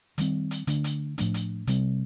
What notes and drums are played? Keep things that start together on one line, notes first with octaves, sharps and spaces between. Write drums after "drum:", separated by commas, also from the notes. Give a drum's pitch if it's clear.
D#3 G3 C4, drum: hi-hat
drum: hi-hat
D3 A3 D4, drum: hi-hat
drum: hi-hat
A2 F3 A3 D4, drum: hi-hat
drum: hi-hat
C3 G3 C4, drum: hi-hat